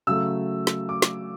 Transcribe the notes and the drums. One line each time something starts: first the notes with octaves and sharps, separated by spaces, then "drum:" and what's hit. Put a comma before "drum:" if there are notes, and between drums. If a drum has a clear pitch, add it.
C#3 F#3 A3 E6
drum: snare
D6
drum: snare